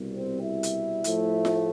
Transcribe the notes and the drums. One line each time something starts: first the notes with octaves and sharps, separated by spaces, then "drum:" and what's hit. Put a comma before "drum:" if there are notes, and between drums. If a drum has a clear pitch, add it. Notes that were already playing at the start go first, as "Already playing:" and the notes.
Already playing: C2 B2 G3
C4
E4
drum: hi-hat
A2 F3 A3, drum: hi-hat
drum: snare F4